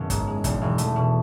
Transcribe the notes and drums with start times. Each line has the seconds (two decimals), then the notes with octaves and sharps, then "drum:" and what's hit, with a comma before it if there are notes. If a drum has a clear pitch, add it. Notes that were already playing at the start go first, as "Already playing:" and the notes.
Already playing: F#1 D#3 B3 E4
0.10 G#2, drum: kick, hi-hat
0.27 G#3
0.44 E1, drum: kick, hi-hat
0.61 E1
0.78 A3, drum: hi-hat
0.96 B2